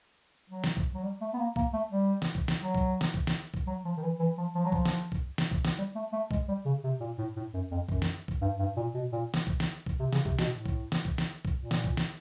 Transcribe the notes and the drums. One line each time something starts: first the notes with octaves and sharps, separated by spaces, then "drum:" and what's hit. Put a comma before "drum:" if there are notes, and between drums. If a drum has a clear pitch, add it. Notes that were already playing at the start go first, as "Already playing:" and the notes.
F#3
drum: snare
drum: kick
F#3
G3
A3
B3
A#3
A#3, drum: kick
A3
G3
drum: snare
drum: kick
drum: snare
F#3
drum: kick
drum: snare
drum: kick
drum: snare
drum: kick
F#3
F3
D#3
E3
E3
F3
F3
F#3
F3, drum: kick
drum: snare
drum: kick
drum: snare
drum: kick
drum: snare
G3
A3
A3
G#3, drum: kick
G3
C#3
C3
A#2
A2
A2
F#2
F2
F#2, drum: kick
drum: snare
drum: kick
G2
G2
A#2
B2
A#2
drum: snare
drum: kick
drum: snare
drum: kick
C3
C#3, drum: snare
C3, drum: kick
B2, drum: snare
A2
drum: kick
drum: snare
drum: kick
drum: snare
drum: kick
A#2
drum: snare
drum: kick
drum: snare